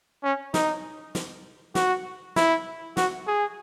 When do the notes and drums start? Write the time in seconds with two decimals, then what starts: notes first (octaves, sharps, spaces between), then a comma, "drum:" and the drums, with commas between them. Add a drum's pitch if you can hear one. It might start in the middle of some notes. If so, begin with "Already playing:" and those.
0.23 C#4
0.54 D#4, drum: snare
1.15 drum: snare
1.75 F#4, drum: snare
2.36 E4, drum: snare
2.97 F#4, drum: snare
3.27 G#4